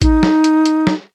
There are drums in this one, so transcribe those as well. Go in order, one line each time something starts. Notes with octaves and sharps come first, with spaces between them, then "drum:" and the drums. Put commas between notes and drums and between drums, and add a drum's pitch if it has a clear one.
D#4, drum: kick A1, hi-hat
drum: snare
drum: hi-hat
drum: hi-hat
drum: snare